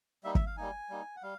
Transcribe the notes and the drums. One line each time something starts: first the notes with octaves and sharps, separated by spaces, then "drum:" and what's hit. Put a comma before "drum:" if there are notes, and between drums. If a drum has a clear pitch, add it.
G3 A#3 D#4 E5
E5, drum: kick
F5
G3 A#3 D#4 G#5
G3 A#3 D#4
F#5
G3 F5